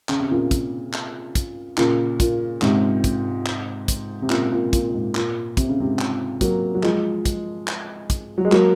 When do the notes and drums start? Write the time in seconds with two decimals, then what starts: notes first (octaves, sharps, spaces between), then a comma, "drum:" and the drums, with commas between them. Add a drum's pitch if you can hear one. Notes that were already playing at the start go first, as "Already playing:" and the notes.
0.09 C#3, drum: clap
0.20 C3
0.31 A#2 C#3
0.51 drum: kick, hi-hat
0.93 drum: clap
1.35 drum: kick, hi-hat
1.77 A#2 C#3, drum: clap
2.20 A#2, drum: kick, hi-hat
2.62 G#2 C3, drum: clap
3.04 drum: kick, hi-hat
3.46 drum: clap
3.88 drum: kick, hi-hat
4.22 C3
4.30 A#2 C#3, drum: clap
4.52 A#2
4.73 A#2, drum: kick, hi-hat
4.89 A#2
4.94 G#2
5.15 A#2, drum: clap
5.57 C3, drum: kick, hi-hat
5.69 C#3
5.80 G#2 C3
5.99 drum: clap
6.41 F#3 A#3, drum: kick, hi-hat
6.75 F#3
6.83 F3 G#3, drum: clap
7.25 drum: kick, hi-hat
7.68 drum: clap
8.10 drum: kick, hi-hat
8.38 F#3
8.45 G#3
8.52 F#3 A#3, drum: clap